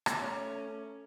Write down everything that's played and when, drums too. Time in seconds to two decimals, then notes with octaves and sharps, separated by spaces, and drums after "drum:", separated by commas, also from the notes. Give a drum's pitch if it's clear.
0.06 drum: rim click
0.21 A3 C#4 C#5 A#5 D6
0.67 C#4